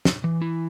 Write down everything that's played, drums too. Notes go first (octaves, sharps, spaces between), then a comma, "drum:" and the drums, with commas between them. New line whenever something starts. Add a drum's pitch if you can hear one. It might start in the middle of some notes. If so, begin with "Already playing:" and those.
drum: snare
E3
E4